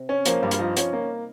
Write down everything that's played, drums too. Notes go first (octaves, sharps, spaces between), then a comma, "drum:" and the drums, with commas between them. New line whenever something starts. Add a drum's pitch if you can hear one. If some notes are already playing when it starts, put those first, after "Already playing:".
Already playing: C3
C#4
F3 A#3, drum: hi-hat
G2 G3
F4, drum: hi-hat
F3 D#4
C#4, drum: hi-hat
A#3